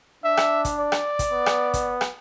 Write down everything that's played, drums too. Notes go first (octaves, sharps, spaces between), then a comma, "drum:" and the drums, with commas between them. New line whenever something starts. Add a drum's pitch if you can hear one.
D4 E5
drum: rim click
drum: kick, hi-hat
D5
drum: rim click
drum: kick, hi-hat
B3
drum: rim click
drum: kick, hi-hat
drum: rim click